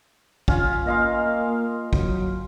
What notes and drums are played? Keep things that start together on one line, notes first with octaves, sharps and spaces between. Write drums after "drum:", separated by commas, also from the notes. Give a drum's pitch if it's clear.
C#4 F4, drum: kick
A#3 D#5 F5 C6
F#3, drum: kick